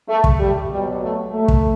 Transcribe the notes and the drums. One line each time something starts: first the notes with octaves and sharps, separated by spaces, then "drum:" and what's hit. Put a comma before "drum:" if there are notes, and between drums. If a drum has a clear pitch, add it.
A3
drum: kick
G3
B2 F#3 G3
A3
A3
drum: kick